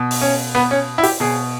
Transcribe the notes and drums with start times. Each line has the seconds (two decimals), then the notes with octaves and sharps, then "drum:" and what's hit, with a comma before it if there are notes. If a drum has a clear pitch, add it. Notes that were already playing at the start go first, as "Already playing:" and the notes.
Already playing: B2
0.11 drum: open hi-hat
0.22 C#4
0.55 B3
0.71 C#4
0.98 E4
1.03 G4, drum: open hi-hat
1.20 B2 G#4